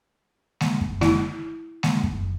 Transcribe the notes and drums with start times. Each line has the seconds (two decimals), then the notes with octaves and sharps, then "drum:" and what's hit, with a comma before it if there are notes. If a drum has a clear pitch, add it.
0.61 drum: snare G#3
0.81 drum: kick F#2
1.01 E4, drum: snare G#3
1.83 drum: snare G#3
2.03 drum: kick F#2